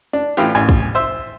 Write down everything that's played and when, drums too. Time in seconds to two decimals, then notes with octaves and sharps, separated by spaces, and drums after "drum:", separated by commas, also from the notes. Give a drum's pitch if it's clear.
0.13 D4
0.37 A2 E3 F4 G4, drum: hi-hat
0.55 A1 G#5
0.69 drum: kick
0.95 C5 E5